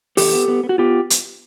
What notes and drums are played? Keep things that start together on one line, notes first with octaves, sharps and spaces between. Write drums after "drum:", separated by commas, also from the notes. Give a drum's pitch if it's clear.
E2 G4 A4, drum: open hi-hat
B3
B3
B3
F#4
B3 F4 G4
drum: hi-hat